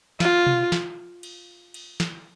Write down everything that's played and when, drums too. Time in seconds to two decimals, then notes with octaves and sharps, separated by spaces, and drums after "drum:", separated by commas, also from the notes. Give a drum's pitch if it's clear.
0.20 F4, drum: snare
0.46 drum: tom B2
0.72 drum: snare
1.23 drum: cymbal
1.74 drum: cymbal
2.00 drum: snare